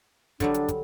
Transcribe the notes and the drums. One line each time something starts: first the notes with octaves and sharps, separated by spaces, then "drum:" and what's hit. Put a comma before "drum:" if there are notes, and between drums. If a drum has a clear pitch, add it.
D3 F#3 G3 D4, drum: kick, hi-hat
drum: hi-hat
drum: kick, hi-hat